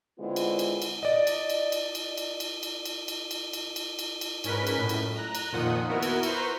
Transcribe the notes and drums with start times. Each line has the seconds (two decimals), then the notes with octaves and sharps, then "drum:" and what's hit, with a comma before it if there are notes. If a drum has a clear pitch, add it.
0.19 D3 G#3 B3 C4 E4 F4
0.36 drum: cymbal
0.59 drum: cymbal
0.82 drum: cymbal
1.03 D5 D#5
1.27 drum: cymbal
1.50 drum: cymbal
1.72 drum: cymbal
1.95 drum: cymbal
2.18 drum: cymbal
2.40 drum: cymbal
2.63 drum: cymbal
2.85 drum: cymbal
3.08 drum: cymbal
3.31 drum: cymbal
3.53 drum: cymbal
3.76 drum: cymbal
3.99 drum: cymbal
4.21 drum: cymbal
4.44 G#2 C#4 A#4 B4 B5 B6, drum: cymbal
4.67 drum: cymbal
4.78 F#2 A2
4.89 drum: cymbal
5.15 A#5 F#6
5.35 drum: cymbal
5.52 F2 A#2 D#3 F3 F#5 D#6
5.88 B3 E4 F#4 A#4
6.03 drum: cymbal
6.23 B4 C5 A#5 C#6, drum: cymbal